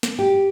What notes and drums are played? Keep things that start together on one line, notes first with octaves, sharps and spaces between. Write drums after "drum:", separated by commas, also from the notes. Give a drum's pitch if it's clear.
drum: snare
G4